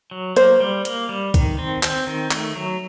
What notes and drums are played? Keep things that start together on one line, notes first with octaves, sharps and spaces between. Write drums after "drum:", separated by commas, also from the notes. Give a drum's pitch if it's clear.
F#3
A#3 C5, drum: hi-hat
G3
A#3, drum: hi-hat
G3
D#3, drum: kick C2, hi-hat
C4
C4, drum: clap
D#3
A3, drum: clap
F#3